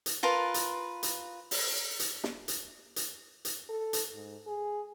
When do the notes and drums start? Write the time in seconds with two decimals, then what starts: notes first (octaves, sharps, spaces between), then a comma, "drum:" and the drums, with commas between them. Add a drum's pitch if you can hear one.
0.06 drum: hi-hat
0.23 F4 A#4 B4 A5
0.54 drum: hi-hat
1.03 drum: hi-hat
1.51 drum: open hi-hat
1.99 drum: hi-hat
2.24 drum: snare
2.48 drum: hi-hat
2.96 drum: hi-hat
3.45 drum: hi-hat
3.69 A4
3.93 drum: hi-hat
4.14 G#2
4.47 G#4